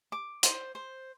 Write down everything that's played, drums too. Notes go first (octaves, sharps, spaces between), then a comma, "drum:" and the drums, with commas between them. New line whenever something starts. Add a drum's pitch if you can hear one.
D6
C5, drum: hi-hat
C5